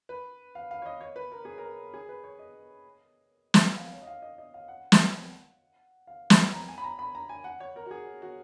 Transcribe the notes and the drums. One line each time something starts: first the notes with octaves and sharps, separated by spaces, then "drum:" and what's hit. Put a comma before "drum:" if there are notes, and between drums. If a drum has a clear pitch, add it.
B4
F5
F5
C#5
D#5
C#5
B4
A#4
G#4
A#4
G#4
B4
C#5
D#5
drum: snare
F5
C#5
D#5
F5
D#5
D#5
F5
F#5
drum: snare
F5
B5, drum: snare
A#5
G#5
B5
A#5
B5
A#5
G#5
F#5
C#5
A#4
F#4
G#4
F#4